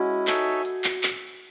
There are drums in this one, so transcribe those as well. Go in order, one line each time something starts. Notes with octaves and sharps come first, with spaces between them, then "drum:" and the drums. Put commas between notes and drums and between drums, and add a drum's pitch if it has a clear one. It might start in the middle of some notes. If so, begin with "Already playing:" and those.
Already playing: G#3 C#4 E4 F#4
D#4 A4 C#5 E5 G#5, drum: clap
drum: hi-hat
drum: clap
drum: clap